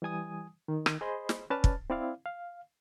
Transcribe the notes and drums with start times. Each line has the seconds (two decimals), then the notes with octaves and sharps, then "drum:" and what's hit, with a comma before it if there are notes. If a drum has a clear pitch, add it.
0.02 E3 G3 G#5 D#6
0.68 D#3
0.86 drum: rim click
1.01 G#4 C5 D#5 B5 C6
1.29 drum: snare
1.50 C#4 B4 D5 A5 F6 A6
1.64 drum: kick
1.90 C4 E4 D5 F5
2.26 F5